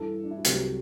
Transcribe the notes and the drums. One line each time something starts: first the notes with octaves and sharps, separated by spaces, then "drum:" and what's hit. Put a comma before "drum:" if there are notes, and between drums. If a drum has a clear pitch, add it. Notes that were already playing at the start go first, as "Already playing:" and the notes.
Already playing: G2 E3 A4
D4
E4
F#4
C2 C3 F#3 G4, drum: hi-hat